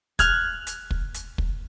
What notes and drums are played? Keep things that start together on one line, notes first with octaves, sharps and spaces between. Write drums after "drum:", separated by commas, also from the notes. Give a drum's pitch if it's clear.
F6 F#6 G#6, drum: kick, hi-hat
drum: hi-hat
drum: kick
drum: hi-hat
drum: kick